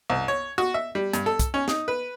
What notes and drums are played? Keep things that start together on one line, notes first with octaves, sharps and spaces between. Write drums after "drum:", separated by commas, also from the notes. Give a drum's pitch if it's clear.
C2
C#5
F#4
E5
G3
G2, drum: hi-hat
A4
drum: kick, hi-hat
C#4
D#4, drum: snare
B4